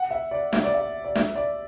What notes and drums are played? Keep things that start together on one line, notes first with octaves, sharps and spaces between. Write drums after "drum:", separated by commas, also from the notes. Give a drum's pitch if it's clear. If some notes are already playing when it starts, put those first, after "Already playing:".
Already playing: F#5
E5
D5
E5, drum: snare
D5
E5
D5
E5, drum: snare
D5